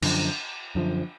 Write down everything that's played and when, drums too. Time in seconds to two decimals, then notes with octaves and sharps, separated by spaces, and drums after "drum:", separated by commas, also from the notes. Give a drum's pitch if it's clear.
0.02 F#2 D3 F3, drum: cymbal
0.75 F#2 D3 F3